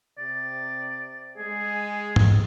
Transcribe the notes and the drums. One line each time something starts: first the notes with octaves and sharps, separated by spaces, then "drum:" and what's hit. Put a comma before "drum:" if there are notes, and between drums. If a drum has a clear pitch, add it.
C3 D5
G#3 G#4
drum: tom